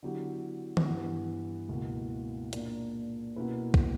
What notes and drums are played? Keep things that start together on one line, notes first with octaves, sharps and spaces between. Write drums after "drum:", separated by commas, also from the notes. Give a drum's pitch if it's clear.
D3 F#3 B3 E4 G4
drum: tom
G2 E3 B3
C#2 B2 A#3 E4
A#2 A#3 D4, drum: hi-hat
B2 A#3 C#4 E4 B4
drum: kick